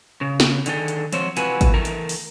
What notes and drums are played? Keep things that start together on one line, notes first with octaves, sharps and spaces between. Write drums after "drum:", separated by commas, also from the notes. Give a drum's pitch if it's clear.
C#3
drum: snare
D3 D#3 G#4 A4, drum: hi-hat
drum: hi-hat
F3 F#3 C4 C5 C#5, drum: hi-hat
C3 E3 F4 F#4 B4 G#5, drum: hi-hat
drum: kick G#1, hi-hat
E3 A3 A#4 A#5
drum: hi-hat
drum: open hi-hat